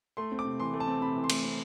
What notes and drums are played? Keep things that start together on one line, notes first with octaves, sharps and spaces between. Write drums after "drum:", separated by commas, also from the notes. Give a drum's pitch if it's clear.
A3 C6
C4
D6
C3
E3 C6
A3
A5
C4
C3 B5
E3
C6
A3, drum: cymbal
C4